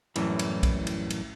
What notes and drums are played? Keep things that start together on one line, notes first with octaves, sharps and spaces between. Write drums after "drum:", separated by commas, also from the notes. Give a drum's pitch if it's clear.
F#2 A2 E3 G3, drum: cymbal
drum: cymbal
drum: kick, cymbal
drum: cymbal
drum: cymbal